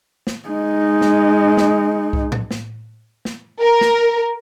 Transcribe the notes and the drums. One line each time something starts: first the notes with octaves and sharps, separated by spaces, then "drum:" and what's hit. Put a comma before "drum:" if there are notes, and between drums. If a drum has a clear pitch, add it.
drum: snare
G#3 D#4
drum: snare
drum: snare
drum: kick C2
drum: tom A2
drum: snare
drum: snare
A#4
drum: snare